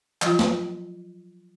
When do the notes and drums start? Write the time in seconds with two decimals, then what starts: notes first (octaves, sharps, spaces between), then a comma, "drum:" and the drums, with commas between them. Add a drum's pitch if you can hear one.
0.22 F3 F#3 F4, drum: clap
0.39 drum: snare